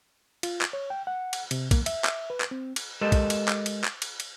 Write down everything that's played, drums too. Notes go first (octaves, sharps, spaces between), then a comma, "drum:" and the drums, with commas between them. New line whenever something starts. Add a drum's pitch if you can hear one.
F4, drum: cymbal
drum: clap
C#5
G5
F#5
drum: cymbal
C3, drum: cymbal
A#3, drum: kick, cymbal
E5, drum: cymbal
drum: clap
B4
drum: clap
C4
drum: cymbal
G#3 G4 A4 A#4 C5 D#5
drum: kick, cymbal
drum: cymbal
drum: clap
drum: cymbal
drum: clap
drum: cymbal
drum: cymbal